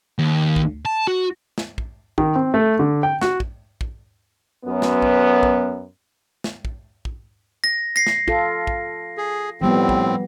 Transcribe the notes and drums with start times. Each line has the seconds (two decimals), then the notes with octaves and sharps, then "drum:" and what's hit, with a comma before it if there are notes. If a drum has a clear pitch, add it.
0.19 D#2
0.56 drum: kick
0.85 A5
1.07 F#4
1.58 drum: snare
1.78 drum: kick
2.18 D#3, drum: kick
2.36 C4
2.54 A3
2.79 D3
3.03 G5
3.21 F#4, drum: snare
3.40 drum: kick
3.81 drum: kick
4.65 F#2 B3
4.82 drum: snare
5.02 drum: kick
5.43 drum: kick
6.44 drum: snare
6.65 drum: kick
7.05 drum: kick
7.64 A#6
7.96 A#6 C7
8.07 drum: snare
8.28 F4 A4, drum: kick
8.67 drum: kick
9.18 G#4
9.61 A2 F3 G3 B3 C4
9.89 drum: kick